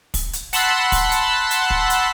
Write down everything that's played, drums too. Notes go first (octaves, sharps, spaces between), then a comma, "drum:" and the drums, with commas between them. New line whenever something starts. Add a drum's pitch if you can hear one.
drum: kick, open hi-hat
drum: hi-hat
F#5 A5 B5 C6 E6 F#6, drum: open hi-hat
drum: kick, open hi-hat
drum: hi-hat
drum: hi-hat
drum: kick
drum: hi-hat